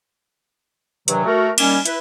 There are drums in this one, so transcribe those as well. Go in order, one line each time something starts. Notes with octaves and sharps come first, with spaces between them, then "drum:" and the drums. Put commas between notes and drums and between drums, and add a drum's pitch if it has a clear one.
G2 C3 D#3 E3 F#3, drum: hi-hat
A3 F#4 A#4
D#3 G3 A#3 C#4, drum: cymbal
E4 B4, drum: hi-hat